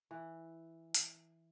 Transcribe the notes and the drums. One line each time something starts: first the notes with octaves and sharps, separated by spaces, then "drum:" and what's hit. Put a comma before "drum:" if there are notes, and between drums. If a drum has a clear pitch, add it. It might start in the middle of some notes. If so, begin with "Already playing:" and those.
E3
drum: hi-hat